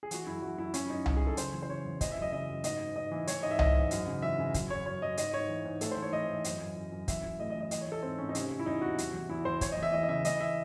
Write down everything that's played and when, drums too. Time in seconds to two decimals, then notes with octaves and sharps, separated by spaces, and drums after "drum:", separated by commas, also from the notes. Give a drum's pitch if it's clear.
0.03 G#4
0.11 E3 F#4, drum: hi-hat
0.27 F#2 E4
0.42 E3 F#4
0.58 F#2 E4
0.74 F#2 C#4, drum: hi-hat
0.85 E4
0.90 F#2 D#4
1.06 F#2, drum: tom C2
1.17 G#4
1.21 F#2
1.27 A4
1.37 C#3 C5, drum: hi-hat
1.53 E3
1.63 C5
1.69 C#3 C#5
1.85 E2
2.01 E3 D#5, drum: kick, hi-hat
2.11 E5
2.16 F#2
2.22 D#5
2.33 C#3 D#5
2.49 F#2
2.64 G#2 D#5, drum: hi-hat
2.79 G#2
2.96 G#2 D#5
3.11 E3
3.27 E3 C#5, drum: hi-hat
3.43 G#2 D#5
3.51 E5
3.59 E3 D#5, drum: tom C2
3.75 G#2
3.91 F#2, drum: hi-hat
4.07 C#3
4.22 E3 E5
4.39 C#3
4.54 F#2, drum: kick, hi-hat
4.70 F#2 C#5
4.86 F#2 C#5
5.02 F#2 D#5
5.17 G#2 D#5, drum: hi-hat
5.34 G#2 C#5
5.49 E3
5.65 G#2
5.81 A2 A4, drum: hi-hat
5.92 C5
5.97 E3
6.02 C#5
6.12 E3 D#5
6.29 E3
6.44 F#2, drum: hi-hat
6.60 F#2
6.76 F#2
6.92 F#2
7.08 E3 E5, drum: kick, hi-hat
7.24 E3
7.39 A2 D#5
7.50 D#5
7.55 E3
7.61 D#5
7.71 E3 D#5, drum: hi-hat
7.81 C#5
7.87 E3 A4
8.02 G#2 C4
8.18 G#2 C#4
8.29 D#4
8.35 C3 C#4, drum: hi-hat
8.51 C3
8.59 E4
8.66 E2 D#4
8.82 C3 F#4
8.98 E2, drum: hi-hat
9.14 E2
9.30 E2 E4
9.45 E2 C5
9.61 E3 C#5, drum: kick, hi-hat
9.72 D#5
9.77 E2
9.83 E5
9.93 E3 D#5
10.03 D#5
10.09 C#3 E5
10.25 E3 D#5, drum: hi-hat
10.41 E5